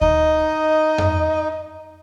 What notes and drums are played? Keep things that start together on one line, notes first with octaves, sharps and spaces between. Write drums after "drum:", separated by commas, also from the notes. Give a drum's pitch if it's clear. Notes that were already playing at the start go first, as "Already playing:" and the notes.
D#4 D#5, drum: kick D2
drum: tom F2